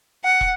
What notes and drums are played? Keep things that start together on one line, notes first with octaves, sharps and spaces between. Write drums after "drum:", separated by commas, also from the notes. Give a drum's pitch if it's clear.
F#5
drum: kick